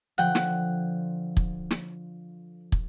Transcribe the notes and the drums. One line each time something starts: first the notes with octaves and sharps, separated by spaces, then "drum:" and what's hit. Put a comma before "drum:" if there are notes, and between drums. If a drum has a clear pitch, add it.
D3 F3 F#5 G5
drum: snare
drum: kick
drum: snare
drum: kick